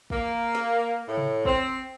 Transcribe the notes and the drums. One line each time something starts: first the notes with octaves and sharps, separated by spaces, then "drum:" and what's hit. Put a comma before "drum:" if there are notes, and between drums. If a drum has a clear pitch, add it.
A#3, drum: kick
drum: snare
A2
drum: tom C3
C4, drum: kick